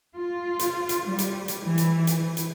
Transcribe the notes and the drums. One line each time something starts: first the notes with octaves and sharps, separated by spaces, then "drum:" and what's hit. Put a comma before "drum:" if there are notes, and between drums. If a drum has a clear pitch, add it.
F4
drum: hi-hat
drum: hi-hat
G3
drum: hi-hat
drum: hi-hat
E3
drum: hi-hat
drum: hi-hat
drum: hi-hat